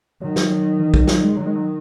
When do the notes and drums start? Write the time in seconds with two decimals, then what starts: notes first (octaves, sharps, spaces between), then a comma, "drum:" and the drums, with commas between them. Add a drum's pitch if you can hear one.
0.21 D#3 F#3
0.36 drum: snare
0.80 E3
0.94 F#3, drum: kick B1
1.07 F#3, drum: snare
1.23 G#3
1.36 D#3 F#3
1.46 G#3
1.55 F#3